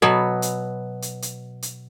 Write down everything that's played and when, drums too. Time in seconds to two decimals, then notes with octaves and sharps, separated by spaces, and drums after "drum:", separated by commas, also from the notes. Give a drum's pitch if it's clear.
0.02 B2 F#3 B3
0.42 drum: hi-hat
1.02 drum: hi-hat
1.22 drum: hi-hat
1.62 drum: hi-hat